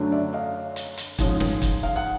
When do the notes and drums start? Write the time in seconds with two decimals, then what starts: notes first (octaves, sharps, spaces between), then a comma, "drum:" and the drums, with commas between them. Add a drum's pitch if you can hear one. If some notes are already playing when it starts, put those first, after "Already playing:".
Already playing: F#2 D3 F#3 A3 D4
0.12 D5 E5
0.33 D#5 F5
0.76 drum: hi-hat
0.97 drum: hi-hat
1.19 G#2 F3 G#3 C#4, drum: kick, hi-hat
1.40 drum: snare
1.62 drum: kick, hi-hat
1.83 F5
1.96 F#5